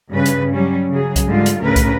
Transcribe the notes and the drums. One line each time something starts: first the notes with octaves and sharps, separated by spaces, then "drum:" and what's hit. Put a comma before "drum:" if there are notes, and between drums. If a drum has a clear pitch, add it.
G2 C#3 B4
drum: hi-hat
F#3 G3 C#4
C#3 F#3 G#4
drum: kick C2, hi-hat
G#2 D3 G3 G#3 F4
drum: hi-hat
D2 A2 C#3 A3 A#4 B4
drum: kick C2, hi-hat